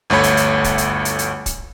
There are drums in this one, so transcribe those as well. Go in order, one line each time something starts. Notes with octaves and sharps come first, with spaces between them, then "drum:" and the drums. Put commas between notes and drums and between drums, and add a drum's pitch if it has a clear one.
G1 D2 A3 C#5 B5
drum: hi-hat
drum: hi-hat
drum: kick C#1, hi-hat
drum: hi-hat
drum: hi-hat
drum: hi-hat
drum: kick C#1, hi-hat